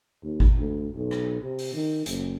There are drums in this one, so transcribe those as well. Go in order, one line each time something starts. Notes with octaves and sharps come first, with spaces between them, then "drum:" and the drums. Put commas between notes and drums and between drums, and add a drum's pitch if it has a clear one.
D#2
drum: kick G#1
D2
B1
drum: rim click
C3
drum: open hi-hat
D#3
F#1, drum: hi-hat